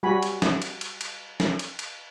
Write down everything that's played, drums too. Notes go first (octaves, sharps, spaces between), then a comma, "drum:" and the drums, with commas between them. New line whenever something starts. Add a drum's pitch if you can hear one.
G3 F#4 G#5 B5
drum: cymbal
drum: snare
drum: cymbal
drum: cymbal
drum: cymbal
drum: snare
drum: cymbal
drum: cymbal